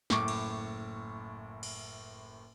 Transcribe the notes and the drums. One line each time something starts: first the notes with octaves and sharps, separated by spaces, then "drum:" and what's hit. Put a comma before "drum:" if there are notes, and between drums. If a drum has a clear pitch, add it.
F#1 A2 C#6 D6, drum: snare
drum: cymbal
drum: cymbal